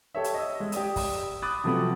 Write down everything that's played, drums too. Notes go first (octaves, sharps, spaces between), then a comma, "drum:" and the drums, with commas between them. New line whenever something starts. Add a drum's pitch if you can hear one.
G4 A4 C#5 E5
drum: hi-hat
D#5 E6
G#3
G4 D5 D#6, drum: hi-hat
drum: kick, open hi-hat
B5 D6 D#6 F#6 A6
C3 F3 F#3 A3 B3